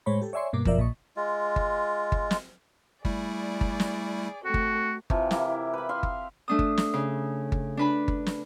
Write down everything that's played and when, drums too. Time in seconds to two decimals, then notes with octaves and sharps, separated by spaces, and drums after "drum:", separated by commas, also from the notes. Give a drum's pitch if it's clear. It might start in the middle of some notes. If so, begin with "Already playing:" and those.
0.06 A2 G#3 C5 C#5 B5
0.22 G4 A4
0.33 C#5 D5 E5 G#5 C6 C#6
0.53 G2 B2 A#3 D6
0.65 F#2 B2 F3 A#4 D5 E5, drum: kick G1
0.78 A#1 A#2 D#5 C#6
1.16 G#3 F4
1.56 drum: kick G1
2.12 drum: kick G1
2.31 drum: snare
3.05 G3 A3 E4 G#4 D5, drum: kick G1
3.61 drum: kick G1
3.80 drum: snare
4.45 A3 C4 F#4 A4
4.54 drum: kick G1
5.10 C3 E3 F3, drum: kick G1
5.31 E4 G4 A#4, drum: snare
5.74 B4 B5
5.89 E5 F5 C6
6.03 drum: kick G1
6.48 A3 D4 D#6
6.59 drum: kick G1
6.77 drum: snare
6.94 C#3
7.52 drum: kick G1
7.77 D4 B4 B5
8.08 drum: kick G1
8.26 drum: snare